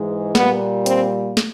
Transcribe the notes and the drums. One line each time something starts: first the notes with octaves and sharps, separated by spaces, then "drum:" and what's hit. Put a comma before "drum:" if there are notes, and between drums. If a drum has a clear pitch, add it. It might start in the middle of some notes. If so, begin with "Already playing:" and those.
Already playing: G#2 E3 G#3
A#2 G3 A#3 B3, drum: snare
C4, drum: hi-hat
drum: snare